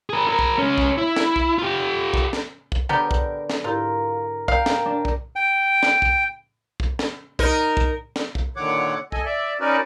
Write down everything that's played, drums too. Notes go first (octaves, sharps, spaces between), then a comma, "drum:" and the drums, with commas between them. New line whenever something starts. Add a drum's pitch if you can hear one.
G#4 A#4
G#4 A#4
drum: kick
G#3 C#4
drum: kick
E4
drum: snare
drum: kick
F4 G4
drum: kick
drum: snare
drum: kick
D3 B3 G4 A#4 B4 G6
drum: kick
drum: snare
G#2 E4 F4 G4 A#4
A#4 F5 G5, drum: kick
drum: snare
D4
drum: kick
G5
drum: snare
drum: kick
drum: kick
drum: snare
D#4 A#4, drum: kick
drum: kick
drum: snare
drum: kick
A#2 D3 D#3 C#5 F#5 D6
A4 D#5 G#5, drum: kick
D5 E5
C#4 D#4 F#4 A#4 B4 D5